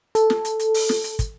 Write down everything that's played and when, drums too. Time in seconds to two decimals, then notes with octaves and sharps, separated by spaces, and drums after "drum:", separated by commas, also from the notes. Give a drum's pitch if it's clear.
0.15 A4, drum: hi-hat
0.30 drum: snare
0.45 drum: hi-hat
0.60 drum: hi-hat
0.74 drum: open hi-hat
0.89 drum: snare
1.04 drum: hi-hat
1.19 drum: kick, hi-hat